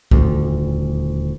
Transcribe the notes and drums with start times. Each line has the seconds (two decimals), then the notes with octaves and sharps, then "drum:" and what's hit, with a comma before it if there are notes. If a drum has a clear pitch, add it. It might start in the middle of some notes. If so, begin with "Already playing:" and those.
0.11 D#1 D2, drum: kick C2